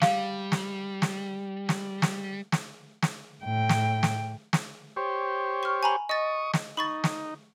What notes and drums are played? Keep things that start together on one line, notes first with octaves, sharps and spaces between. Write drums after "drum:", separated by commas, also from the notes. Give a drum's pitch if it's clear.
G3 F5, drum: snare
drum: snare
drum: snare
drum: snare
drum: snare
drum: snare
drum: snare
A2 G5
drum: snare
drum: snare
drum: snare
G4 C5 C#5
C#6 F6
G#5 A#5 B5
D#5 C#6 D#6 A6
drum: snare
D#4 B5 C#6 A6
drum: snare